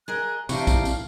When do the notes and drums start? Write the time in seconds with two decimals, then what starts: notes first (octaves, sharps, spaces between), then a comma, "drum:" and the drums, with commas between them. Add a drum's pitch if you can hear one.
0.08 G#4 A#4 D#5 F#6
0.49 C3 E3 D4 D#4 F5 C#6, drum: tambourine
0.67 drum: kick A#1, tambourine
0.85 drum: tambourine